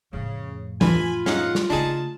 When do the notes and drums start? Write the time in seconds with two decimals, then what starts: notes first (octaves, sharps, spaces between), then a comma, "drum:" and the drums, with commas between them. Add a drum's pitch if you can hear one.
0.13 F2 A2 C#3
0.81 D2 D3 E3 F4 G#5 B5, drum: tom E3
1.26 G#2 C#4 D#4 F5 F#5, drum: snare
1.55 drum: snare
1.70 C#3 A3 D4 D#4 G#4 A5